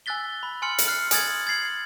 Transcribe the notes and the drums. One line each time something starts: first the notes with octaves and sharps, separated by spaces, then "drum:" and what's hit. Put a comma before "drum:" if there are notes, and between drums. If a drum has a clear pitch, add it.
G#5 E6 F#6 A6 B6 G7
B5
G#5 C6 F6 C#7 F#7
drum: hi-hat
F6 F#6 C7 C#7
G#5 D#6 G#6 A6 F#7, drum: hi-hat
G#6 A6 C7 F#7